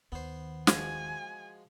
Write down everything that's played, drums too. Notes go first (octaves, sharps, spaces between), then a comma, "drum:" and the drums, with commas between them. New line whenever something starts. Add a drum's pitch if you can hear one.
D#2 D#3 B3 C5
F3 G#3 F#4 G#5, drum: snare